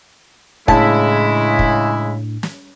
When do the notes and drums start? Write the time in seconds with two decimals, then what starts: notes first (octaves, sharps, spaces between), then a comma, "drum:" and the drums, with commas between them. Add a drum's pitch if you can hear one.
0.68 A2 C#3 G#3 D4 E4 A5, drum: kick
1.59 drum: kick
2.43 drum: snare